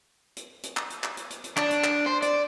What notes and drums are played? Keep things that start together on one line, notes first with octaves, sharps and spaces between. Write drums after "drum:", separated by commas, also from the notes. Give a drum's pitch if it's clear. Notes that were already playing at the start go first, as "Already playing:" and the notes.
drum: hi-hat
drum: hi-hat
drum: clap
drum: hi-hat
drum: clap
drum: hi-hat
drum: hi-hat
drum: hi-hat
D4, drum: clap
drum: hi-hat
drum: clap
C5
D5, drum: hi-hat